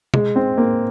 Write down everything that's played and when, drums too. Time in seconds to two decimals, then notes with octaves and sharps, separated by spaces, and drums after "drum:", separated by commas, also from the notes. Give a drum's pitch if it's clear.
0.14 G#3, drum: tom
0.36 C4
0.58 A#3